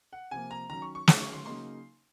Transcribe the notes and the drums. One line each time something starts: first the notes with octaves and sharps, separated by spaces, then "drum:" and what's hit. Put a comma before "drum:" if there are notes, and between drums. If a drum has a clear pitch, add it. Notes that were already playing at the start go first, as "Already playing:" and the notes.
F#5
C3 F3 A#3 G#5
A#5
D#3 F#3 C#4 A#5
C#6
C#6
D#3 F#3 C#4, drum: snare
C#6
C6
C#3 F#3 A#3 D#4 C6